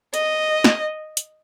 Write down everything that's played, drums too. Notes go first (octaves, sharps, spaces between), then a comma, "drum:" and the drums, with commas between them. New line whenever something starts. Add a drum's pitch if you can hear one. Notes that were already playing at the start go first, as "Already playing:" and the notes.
D#5, drum: hi-hat
drum: snare
drum: hi-hat